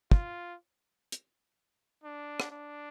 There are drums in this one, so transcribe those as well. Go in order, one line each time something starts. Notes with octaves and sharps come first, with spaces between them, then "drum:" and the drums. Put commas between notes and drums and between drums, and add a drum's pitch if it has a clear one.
F4, drum: kick
drum: hi-hat
D4
drum: rim click
D4